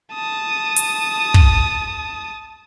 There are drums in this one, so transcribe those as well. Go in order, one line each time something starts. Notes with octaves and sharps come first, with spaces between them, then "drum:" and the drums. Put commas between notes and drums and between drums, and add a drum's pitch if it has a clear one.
A5 D#6
drum: hi-hat
drum: kick